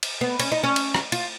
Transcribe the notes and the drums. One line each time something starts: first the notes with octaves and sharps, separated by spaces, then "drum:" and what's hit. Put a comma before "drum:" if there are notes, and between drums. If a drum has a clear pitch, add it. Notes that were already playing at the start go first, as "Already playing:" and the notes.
drum: cymbal
B3
C#4, drum: cymbal
D#4
C#4
drum: cymbal
drum: rim click
F4, drum: cymbal